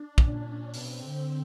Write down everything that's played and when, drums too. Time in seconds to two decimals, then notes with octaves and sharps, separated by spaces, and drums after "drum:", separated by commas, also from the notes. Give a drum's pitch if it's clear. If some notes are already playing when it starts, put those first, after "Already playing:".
Already playing: D4
0.18 A#2 C#4, drum: kick
0.74 B2 C4, drum: open hi-hat
1.03 D3